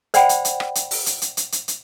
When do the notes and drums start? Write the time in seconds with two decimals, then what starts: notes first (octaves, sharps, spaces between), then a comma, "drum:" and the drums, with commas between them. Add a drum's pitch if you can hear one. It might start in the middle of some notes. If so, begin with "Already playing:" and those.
0.14 C5 D5 F#5 G5 B5, drum: hi-hat
0.29 drum: hi-hat
0.45 drum: hi-hat
0.60 drum: rim click
0.75 drum: hi-hat
0.91 drum: open hi-hat
1.06 drum: hi-hat
1.22 drum: hi-hat
1.37 drum: hi-hat
1.52 drum: hi-hat
1.68 drum: hi-hat